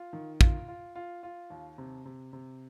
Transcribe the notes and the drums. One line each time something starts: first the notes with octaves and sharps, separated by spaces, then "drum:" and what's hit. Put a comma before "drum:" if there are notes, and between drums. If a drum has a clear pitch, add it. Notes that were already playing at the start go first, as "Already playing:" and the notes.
Already playing: F4
D#3
F4, drum: kick
F4
F4
F4
D#2
C3
C3
C3